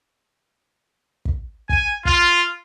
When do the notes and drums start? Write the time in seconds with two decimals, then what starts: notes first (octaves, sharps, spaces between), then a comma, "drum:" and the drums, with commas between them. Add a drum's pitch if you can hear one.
1.25 drum: kick
1.69 G#5, drum: kick
2.05 F4, drum: kick